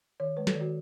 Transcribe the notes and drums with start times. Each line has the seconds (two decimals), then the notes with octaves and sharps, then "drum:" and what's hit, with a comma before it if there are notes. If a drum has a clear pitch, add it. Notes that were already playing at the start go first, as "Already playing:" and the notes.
0.20 D#3 C#5
0.37 G#3 B4
0.47 A4, drum: snare
0.55 D#3
0.61 F#4